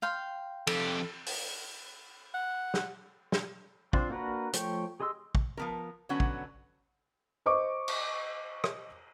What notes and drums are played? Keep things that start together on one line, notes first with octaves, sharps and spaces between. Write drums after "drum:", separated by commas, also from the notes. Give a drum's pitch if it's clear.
F5 G5 C6
F2 G4 A4, drum: cymbal
drum: open hi-hat
F#5
drum: snare
drum: snare
C4 D4 F4 C5, drum: kick
A#3 D4 F#4 A#4 B4
F3 A3 C#5 G5, drum: hi-hat
G4 G#4 D#5 C6 E6
drum: kick
F3 B3 A#4
D3 F#3 B3 C#4 F#5
drum: kick
C5 D#5 C#6 D6
drum: cymbal
drum: rim click